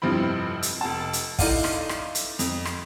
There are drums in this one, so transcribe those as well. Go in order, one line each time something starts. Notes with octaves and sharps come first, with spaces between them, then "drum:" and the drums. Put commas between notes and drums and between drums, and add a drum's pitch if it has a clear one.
F1 G2 F3 C4 E4 B5
drum: hi-hat
F1 A5
drum: hi-hat
D#4 E4 A4 D5 F5, drum: kick, open hi-hat
drum: rim click
drum: rim click
drum: hi-hat
F2, drum: hi-hat
drum: rim click